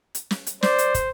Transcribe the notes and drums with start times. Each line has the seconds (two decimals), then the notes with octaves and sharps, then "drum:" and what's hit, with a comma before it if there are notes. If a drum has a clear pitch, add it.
0.15 drum: hi-hat
0.31 drum: snare
0.47 drum: hi-hat
0.63 C5 D5, drum: snare
0.78 drum: hi-hat
0.94 drum: kick, hi-hat